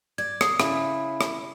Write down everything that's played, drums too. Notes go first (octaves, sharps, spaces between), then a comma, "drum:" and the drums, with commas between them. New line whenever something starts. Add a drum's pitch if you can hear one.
D5 G#6
D#6 C7, drum: rim click
C#3 E4, drum: rim click
drum: rim click